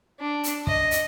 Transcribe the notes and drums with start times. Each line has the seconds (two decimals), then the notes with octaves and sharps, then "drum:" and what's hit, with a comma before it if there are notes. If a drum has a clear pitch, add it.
0.20 D4
0.44 drum: hi-hat
0.67 D#5, drum: kick
0.91 drum: hi-hat